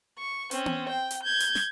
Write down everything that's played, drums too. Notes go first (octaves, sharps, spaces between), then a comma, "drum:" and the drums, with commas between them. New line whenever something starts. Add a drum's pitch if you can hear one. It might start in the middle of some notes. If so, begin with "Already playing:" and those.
C#6
C4 C#4, drum: hi-hat
drum: tom B3
G5
drum: hi-hat
G6 G#6
drum: hi-hat
drum: snare